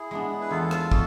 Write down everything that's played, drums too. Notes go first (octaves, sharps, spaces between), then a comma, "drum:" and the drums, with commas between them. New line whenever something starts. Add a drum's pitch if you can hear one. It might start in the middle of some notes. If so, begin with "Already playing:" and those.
Already playing: E4 G#4
G#3 B3 D4
B4
E2 F4 A4
drum: rim click
B2, drum: kick